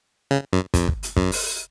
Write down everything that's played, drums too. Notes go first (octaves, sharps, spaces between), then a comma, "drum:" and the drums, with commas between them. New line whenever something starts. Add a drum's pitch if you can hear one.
C#3
F#2
F2, drum: kick, hi-hat
drum: kick
drum: hi-hat
F#2, drum: kick
drum: open hi-hat